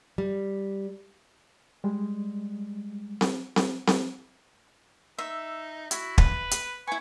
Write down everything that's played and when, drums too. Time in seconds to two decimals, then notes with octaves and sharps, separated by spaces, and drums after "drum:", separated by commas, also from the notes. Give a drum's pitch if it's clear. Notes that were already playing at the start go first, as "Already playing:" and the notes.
0.18 G3
1.84 G3 G#3
3.21 drum: snare C4
3.56 drum: snare C4
3.87 drum: snare C4
5.19 D#4 E5 E6
5.91 E4 F#4, drum: hi-hat
6.18 B4 B5, drum: kick
6.51 drum: hi-hat
6.87 E4 B4 G#5 C#6